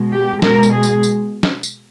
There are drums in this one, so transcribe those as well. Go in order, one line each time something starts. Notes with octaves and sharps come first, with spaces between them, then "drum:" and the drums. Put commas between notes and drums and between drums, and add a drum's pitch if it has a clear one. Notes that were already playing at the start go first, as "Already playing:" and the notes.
Already playing: B2 G#3
G4
B2 G#3 A#4, drum: snare
drum: tambourine
G#4
drum: tambourine
drum: tambourine
drum: snare
drum: tambourine